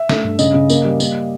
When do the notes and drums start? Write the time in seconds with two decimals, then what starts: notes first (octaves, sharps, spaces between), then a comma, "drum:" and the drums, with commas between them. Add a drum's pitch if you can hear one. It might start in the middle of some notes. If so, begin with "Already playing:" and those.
Already playing: E5
0.09 A3, drum: snare
0.24 G2
0.39 C#3 D#5, drum: tambourine
0.54 C#3
0.69 A#3, drum: tambourine
0.85 G3
1.00 A#3, drum: tambourine